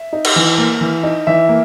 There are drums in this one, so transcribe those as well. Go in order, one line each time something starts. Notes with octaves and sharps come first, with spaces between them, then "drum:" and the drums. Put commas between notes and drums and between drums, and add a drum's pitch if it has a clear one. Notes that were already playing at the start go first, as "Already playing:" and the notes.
Already playing: E5
D#4
drum: cymbal
E3
A#3
E3
D#4
E3 E5
A#3